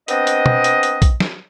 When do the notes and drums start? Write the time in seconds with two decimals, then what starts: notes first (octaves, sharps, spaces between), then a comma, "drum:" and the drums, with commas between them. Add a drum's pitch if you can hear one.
0.08 B3 C4 D4 D#5, drum: hi-hat
0.27 drum: hi-hat
0.46 drum: tom
0.64 drum: hi-hat
0.83 drum: hi-hat
1.02 drum: kick A#1, hi-hat
1.20 drum: snare